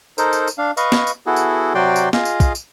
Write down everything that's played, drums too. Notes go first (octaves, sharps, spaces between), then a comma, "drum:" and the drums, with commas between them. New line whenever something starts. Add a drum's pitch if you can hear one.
D#4 A4 A#4 C5, drum: tambourine
drum: tambourine
drum: tambourine
D4 F5
B4 D#5 F5 C#6, drum: tambourine
drum: snare
drum: tambourine
B3 E4 F#4 G#4 A4
drum: tambourine
C3 F#3 F#4 D5 G5 C6
drum: tambourine
F4 G#4 D#5 F5, drum: snare
drum: tambourine
drum: kick, tambourine
drum: tambourine